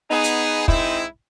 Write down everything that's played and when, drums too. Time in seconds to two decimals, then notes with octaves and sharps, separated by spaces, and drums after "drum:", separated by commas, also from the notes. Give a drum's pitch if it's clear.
0.11 B3 D#4 G#4
0.24 drum: hi-hat
0.68 G#3 C4 D#4 E4, drum: kick